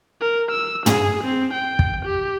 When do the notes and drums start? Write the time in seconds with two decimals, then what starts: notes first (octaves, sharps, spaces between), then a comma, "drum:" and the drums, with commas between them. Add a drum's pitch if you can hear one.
0.21 A#4
0.51 E6
0.86 G#4, drum: tom
1.24 C4
1.53 G5
1.79 drum: kick
2.05 G4